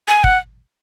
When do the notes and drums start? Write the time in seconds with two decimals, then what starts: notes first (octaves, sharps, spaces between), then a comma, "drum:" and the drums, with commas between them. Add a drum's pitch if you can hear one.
0.08 G#5
0.24 F#5, drum: kick